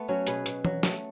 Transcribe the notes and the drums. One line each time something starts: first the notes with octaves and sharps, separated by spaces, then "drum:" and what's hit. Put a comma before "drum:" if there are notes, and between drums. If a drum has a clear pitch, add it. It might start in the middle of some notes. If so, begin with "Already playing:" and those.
Already playing: A3 B3
F#3 C#4
B2 G#4 B4, drum: hi-hat
B2, drum: hi-hat
F#3, drum: tom E3
A3, drum: snare